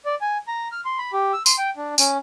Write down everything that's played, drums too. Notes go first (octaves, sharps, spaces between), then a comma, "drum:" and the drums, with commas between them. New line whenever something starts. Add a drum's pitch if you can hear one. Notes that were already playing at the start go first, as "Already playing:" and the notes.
D5
G#5
A#5
F6
C6
B5
G4
E6
C6, drum: tambourine
G5
D4
C#4, drum: tambourine